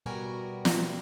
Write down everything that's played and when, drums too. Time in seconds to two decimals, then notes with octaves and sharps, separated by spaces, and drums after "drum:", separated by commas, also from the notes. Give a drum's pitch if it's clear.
0.06 E2 B2 G3 F#4 A#4 G#5
0.65 drum: snare